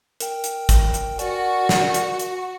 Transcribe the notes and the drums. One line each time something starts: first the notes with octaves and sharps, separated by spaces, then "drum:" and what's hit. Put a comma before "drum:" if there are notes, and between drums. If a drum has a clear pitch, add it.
A#4 G5, drum: hi-hat
drum: hi-hat
drum: kick, hi-hat
drum: hi-hat
F#4 A#4 D5 G#5, drum: hi-hat
drum: snare
drum: hi-hat
drum: hi-hat